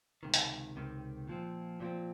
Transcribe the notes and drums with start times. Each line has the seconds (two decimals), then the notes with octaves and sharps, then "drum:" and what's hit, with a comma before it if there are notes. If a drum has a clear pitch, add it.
0.23 C#2 C3 D#3
0.34 drum: hi-hat
0.76 C#2 C3 D#3
1.28 A#2 F3 C4
1.80 A#2 F3 C4